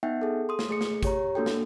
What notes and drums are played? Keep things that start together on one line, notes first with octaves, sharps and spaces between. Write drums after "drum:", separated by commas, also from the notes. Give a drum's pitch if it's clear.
B3 D#4 E5 F#5 G5
G#4 A4
C6 D#6
drum: snare
A3 G#4 C#7
drum: snare
G4 C#5 A#5, drum: kick G#1, hi-hat
A#3 D4 F#4 A4 G5
drum: snare